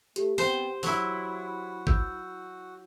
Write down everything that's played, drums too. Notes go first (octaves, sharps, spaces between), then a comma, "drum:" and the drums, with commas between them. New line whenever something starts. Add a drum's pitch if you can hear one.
A3 G4, drum: hi-hat
B3 C4 C5, drum: open hi-hat
F#3 E4 F#4, drum: open hi-hat
E6 G6, drum: kick